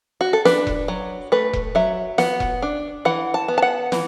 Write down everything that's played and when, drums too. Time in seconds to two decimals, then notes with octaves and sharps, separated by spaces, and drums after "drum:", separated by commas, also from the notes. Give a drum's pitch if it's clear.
0.21 F#4
0.33 A4
0.45 D4 B4, drum: snare
0.67 drum: kick E1
0.88 F#3
1.32 A3 B4
1.53 drum: kick E1
1.75 F#3 E5
2.18 B3 F#5, drum: snare
2.40 drum: kick E1
2.62 D4
3.05 E3 F#5
3.34 A5
3.48 B3
3.58 A5
3.62 F#5
3.92 E3, drum: snare